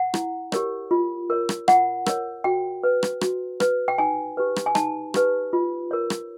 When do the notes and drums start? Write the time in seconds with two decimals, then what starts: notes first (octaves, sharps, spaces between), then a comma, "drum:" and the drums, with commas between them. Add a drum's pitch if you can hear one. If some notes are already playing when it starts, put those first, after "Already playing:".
Already playing: F#5
0.14 E4, drum: rim click
0.52 G4 A#4 C#5, drum: rim click
0.91 F4
1.30 A#4 C#5
1.49 drum: rim click
1.68 F4 F#5, drum: rim click
2.06 A#4 C#5, drum: rim click
2.44 F#4 G5
2.84 B4
3.03 drum: rim click
3.21 F#4, drum: rim click
3.60 B4, drum: rim click
3.88 G5
3.98 D#4 G#5
4.37 G4 B4
4.56 drum: rim click
4.66 G#5
4.75 D#4 A5, drum: rim click
5.14 G4 B4, drum: rim click
5.53 F4
5.91 A#4 C#5
6.10 drum: rim click